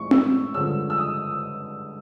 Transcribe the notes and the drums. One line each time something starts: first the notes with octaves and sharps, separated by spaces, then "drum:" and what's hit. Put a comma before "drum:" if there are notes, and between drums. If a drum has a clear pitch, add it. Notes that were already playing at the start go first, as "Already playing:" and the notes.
Already playing: A2 E3 G#3 C4 E4 C#6
E6, drum: tom C4
G2 D3 F3 G#3 C#4 E6
E6
D#6